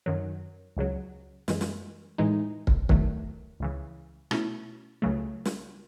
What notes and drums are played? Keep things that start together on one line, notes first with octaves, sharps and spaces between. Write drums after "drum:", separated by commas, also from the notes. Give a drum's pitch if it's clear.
F#2 D#3 F#3
C#2 C#3 F#3
F#2 E3 G#3, drum: snare
drum: snare
A2 E3 G#3 D#4
drum: kick
E2 D#3 F#3 A3, drum: kick
C#2 C#3 E3
B2 A3 C#4 E4, drum: rim click
C#2 C#3 F#3 A3
drum: snare